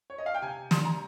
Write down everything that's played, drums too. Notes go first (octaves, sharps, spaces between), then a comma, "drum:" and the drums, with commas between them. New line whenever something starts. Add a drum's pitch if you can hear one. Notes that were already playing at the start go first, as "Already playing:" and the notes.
C#5
D#5
F5
G5
C3 G#5
G3 C6, drum: snare
A#5